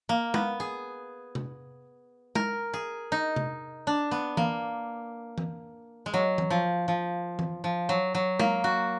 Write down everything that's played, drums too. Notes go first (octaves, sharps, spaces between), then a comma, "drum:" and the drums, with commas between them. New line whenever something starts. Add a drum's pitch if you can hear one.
A#3
B3, drum: tom G#3
G#4
drum: tom C3
A#4, drum: tom G#3
G#4
D#4
drum: tom C3
D4
B3
A#3, drum: tom E3
drum: tom E3
G#3
F#3
drum: tom E3
F3
F3
drum: tom E3
F3
F#3
F#3
A#3, drum: tom G#3
F#4